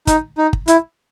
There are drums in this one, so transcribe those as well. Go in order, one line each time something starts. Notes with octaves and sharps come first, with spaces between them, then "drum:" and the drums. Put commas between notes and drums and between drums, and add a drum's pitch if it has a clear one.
D#4, drum: kick, hi-hat
D#4
drum: kick
E4, drum: hi-hat